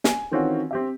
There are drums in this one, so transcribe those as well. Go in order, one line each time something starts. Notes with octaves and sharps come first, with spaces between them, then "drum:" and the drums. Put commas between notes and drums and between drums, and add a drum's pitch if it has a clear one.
G#5, drum: snare
D#3 E3 C4 C#4 F4 F#4
C4 G4 E5